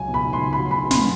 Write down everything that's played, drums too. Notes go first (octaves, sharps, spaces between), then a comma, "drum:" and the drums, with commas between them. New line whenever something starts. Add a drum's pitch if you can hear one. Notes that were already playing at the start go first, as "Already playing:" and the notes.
Already playing: C#2 F#3 G#5
B2
B5
C#2 C6
B5
F#3
B5
B2
C6, drum: snare